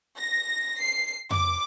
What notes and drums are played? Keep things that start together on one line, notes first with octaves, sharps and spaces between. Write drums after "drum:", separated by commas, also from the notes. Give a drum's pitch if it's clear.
A#6
C7
D6, drum: tom F2